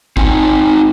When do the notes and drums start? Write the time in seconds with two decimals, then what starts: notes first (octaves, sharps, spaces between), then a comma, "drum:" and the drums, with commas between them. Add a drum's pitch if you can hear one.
0.17 C4 D#4 G#5, drum: kick